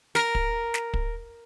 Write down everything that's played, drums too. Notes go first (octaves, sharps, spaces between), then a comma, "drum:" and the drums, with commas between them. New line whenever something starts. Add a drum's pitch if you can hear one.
A#4, drum: snare
drum: kick
drum: snare
drum: kick